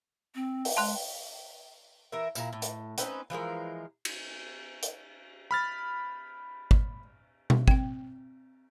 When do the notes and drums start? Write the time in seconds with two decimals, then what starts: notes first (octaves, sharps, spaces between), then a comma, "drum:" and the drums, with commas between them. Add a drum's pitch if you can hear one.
0.35 C4
0.65 drum: open hi-hat
0.77 G#3 A5 C6 F#6
2.12 E3 A#4 E5
2.35 A#2 E4 A4 A#5, drum: tambourine
2.53 A2
2.62 drum: hi-hat
2.98 C4 C#4 D#4 B4, drum: hi-hat
3.30 E3 F3 G#3 A#4
4.05 drum: cymbal
4.83 drum: hi-hat
5.51 B5 F6 A6
6.71 drum: kick
7.50 drum: tom B2
7.68 C4 G5, drum: kick